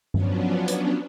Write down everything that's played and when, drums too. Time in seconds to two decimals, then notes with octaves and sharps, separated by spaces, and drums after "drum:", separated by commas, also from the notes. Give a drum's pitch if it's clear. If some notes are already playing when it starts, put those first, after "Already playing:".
0.14 F3 F#3 B3 C#4 D4, drum: tom G2
0.68 drum: hi-hat